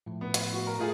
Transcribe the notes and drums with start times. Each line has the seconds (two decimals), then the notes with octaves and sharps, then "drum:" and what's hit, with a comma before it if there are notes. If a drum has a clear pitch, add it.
0.06 A2 F3 A3
0.21 B3
0.34 drum: hi-hat
0.53 F#4
0.67 A#4
0.79 A2 A3 F4 G#4